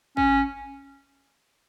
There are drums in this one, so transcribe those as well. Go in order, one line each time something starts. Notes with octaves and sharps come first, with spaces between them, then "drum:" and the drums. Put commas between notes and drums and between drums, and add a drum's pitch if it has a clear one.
C#4, drum: kick